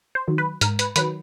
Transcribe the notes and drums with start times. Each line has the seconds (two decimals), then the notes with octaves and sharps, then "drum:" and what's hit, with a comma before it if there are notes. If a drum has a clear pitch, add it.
0.15 C5
0.28 D#3 F#3
0.38 B4
0.61 G#2 A#4, drum: hi-hat
0.79 B4, drum: hi-hat
0.96 D#3 F#3 B4, drum: hi-hat